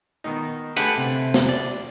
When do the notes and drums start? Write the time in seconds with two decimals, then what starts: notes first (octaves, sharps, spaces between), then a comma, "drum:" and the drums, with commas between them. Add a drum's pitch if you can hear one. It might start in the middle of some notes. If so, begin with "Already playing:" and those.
0.24 B2 D#3 D#4
0.77 D3 A3 G4 G#4 B4 F#5, drum: cymbal
0.97 C3
1.34 drum: snare
1.49 D5